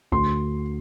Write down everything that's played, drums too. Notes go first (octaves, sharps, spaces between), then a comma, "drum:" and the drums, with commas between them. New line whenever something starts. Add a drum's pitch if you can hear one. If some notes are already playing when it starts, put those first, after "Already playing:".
D2 C6, drum: kick B1